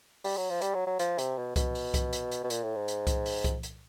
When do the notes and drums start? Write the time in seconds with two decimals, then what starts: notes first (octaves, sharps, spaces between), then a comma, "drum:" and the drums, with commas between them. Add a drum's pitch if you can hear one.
0.24 G3, drum: open hi-hat
0.37 F#3
0.50 F3
0.62 G3, drum: hi-hat
0.75 F#3
0.87 F#3
0.99 F3, drum: hi-hat
1.18 C3, drum: hi-hat
1.38 B2
1.56 B2, drum: kick C2, hi-hat
1.75 drum: open hi-hat
1.94 drum: kick C2, hi-hat
2.13 drum: hi-hat
2.32 drum: hi-hat
2.44 B2
2.50 A#2, drum: hi-hat
2.63 A2
2.75 G#2
2.88 drum: hi-hat
3.07 drum: kick C2, hi-hat
3.26 drum: open hi-hat
3.44 drum: kick C2, hi-hat
3.63 drum: hi-hat